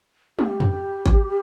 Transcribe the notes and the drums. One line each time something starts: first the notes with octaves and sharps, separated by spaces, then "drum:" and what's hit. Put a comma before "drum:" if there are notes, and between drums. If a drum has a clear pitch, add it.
G4, drum: tom
drum: tom F2
drum: kick G#1